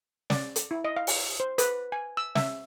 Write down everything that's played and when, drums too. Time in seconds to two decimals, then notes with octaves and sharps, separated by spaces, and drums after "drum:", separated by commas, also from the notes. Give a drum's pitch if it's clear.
0.30 D5, drum: snare
0.56 drum: hi-hat
0.71 E4
0.85 D#5
0.97 F5
1.07 drum: open hi-hat
1.40 C5
1.58 B4, drum: hi-hat
1.92 G#5
2.17 E6
2.35 E5, drum: snare